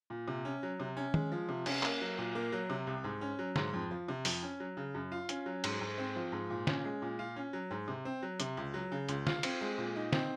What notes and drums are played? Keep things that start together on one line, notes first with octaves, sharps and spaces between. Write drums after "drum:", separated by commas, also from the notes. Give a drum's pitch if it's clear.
A#2
C3
C#4
F#3
C3
C#4
G#3, drum: tom D#3
F3
C3
C#4, drum: cymbal
A#3, drum: clap
F#3
A#2
A#3
F#3
C3
C2
G#2
C#4
F#3
G#2, drum: snare
F2
F3
C3
F2, drum: open hi-hat
C#4
F#3
C#3
F#2
F4
C#4, drum: hi-hat
F#3
G#2, drum: cymbal
G#2
C4
F3
G#2
A#2
C#4, drum: snare
G#3
A#2
F4
C#4
F#3
G#2
C3
C4
F#3
C3, drum: hi-hat
C#2
F#3
C#3
C#2, drum: hi-hat
F4, drum: snare
C4, drum: cymbal
G#3
A#2
D#4
C4, drum: snare